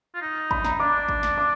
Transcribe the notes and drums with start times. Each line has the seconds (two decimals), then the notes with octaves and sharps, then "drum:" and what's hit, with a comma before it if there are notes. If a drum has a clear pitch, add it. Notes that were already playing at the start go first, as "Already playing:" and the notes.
0.15 F4
0.21 D#4
0.51 B5, drum: kick G#1
0.65 A#5, drum: snare
0.80 D4 D6
1.09 drum: kick G#1
1.23 drum: snare
1.38 D6